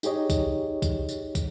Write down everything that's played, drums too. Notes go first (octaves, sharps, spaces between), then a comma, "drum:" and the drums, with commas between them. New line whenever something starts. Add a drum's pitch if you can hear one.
D#4 G4 G#4 C#5 D#5, drum: tambourine
drum: kick, tambourine
drum: kick, tambourine
drum: tambourine
drum: kick, tambourine